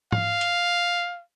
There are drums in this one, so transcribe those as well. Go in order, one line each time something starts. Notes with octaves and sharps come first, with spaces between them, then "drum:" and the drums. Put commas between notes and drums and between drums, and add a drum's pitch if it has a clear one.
F5, drum: tom G#2
drum: hi-hat